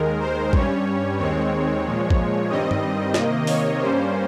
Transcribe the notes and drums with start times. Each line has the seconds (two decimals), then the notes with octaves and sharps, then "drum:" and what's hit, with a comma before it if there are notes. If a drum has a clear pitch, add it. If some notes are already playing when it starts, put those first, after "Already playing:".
Already playing: D#2 D#3 G#3 A#4
0.20 C5
0.53 G2 G3 C#4 C#5, drum: kick
1.18 D#2 D#3 G#3 C4 C#5
1.85 A#2 F3 G#3
2.10 drum: kick
2.49 G2 D#3 G3 C4 D#5
2.71 drum: tom G2
3.14 C3 D#3 A#3 D#5, drum: snare
3.47 C#5, drum: open hi-hat
3.80 G2 G3 A#3 C#4 C5